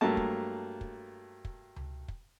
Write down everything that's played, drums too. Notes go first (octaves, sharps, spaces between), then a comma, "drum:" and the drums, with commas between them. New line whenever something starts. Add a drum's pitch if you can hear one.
G2 F#3 A3 A#3 A5
drum: kick
drum: kick
drum: kick
drum: tom C#2
drum: kick